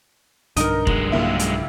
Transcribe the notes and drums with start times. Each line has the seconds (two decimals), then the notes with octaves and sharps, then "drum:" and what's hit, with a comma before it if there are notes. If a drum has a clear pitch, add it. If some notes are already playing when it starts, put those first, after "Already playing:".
0.57 B1 G2 D3 D#4 A#4 D#5, drum: hi-hat
0.87 F#3 G#3, drum: kick F1
1.12 C#2 A#3 E4
1.39 drum: hi-hat